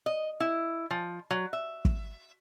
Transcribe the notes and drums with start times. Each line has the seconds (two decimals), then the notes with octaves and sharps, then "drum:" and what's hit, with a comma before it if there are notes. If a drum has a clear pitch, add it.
0.06 D#5
0.40 E4
0.91 F3
1.31 F#3
1.53 E5
1.85 drum: kick